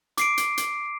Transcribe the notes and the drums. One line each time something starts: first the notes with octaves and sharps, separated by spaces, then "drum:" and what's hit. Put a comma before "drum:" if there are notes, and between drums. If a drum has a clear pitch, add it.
D6 C7 D7, drum: hi-hat
drum: hi-hat
drum: hi-hat